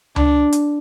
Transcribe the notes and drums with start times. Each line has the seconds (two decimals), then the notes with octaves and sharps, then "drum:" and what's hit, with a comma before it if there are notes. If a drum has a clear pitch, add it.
0.16 D4, drum: tom C#2
0.52 drum: hi-hat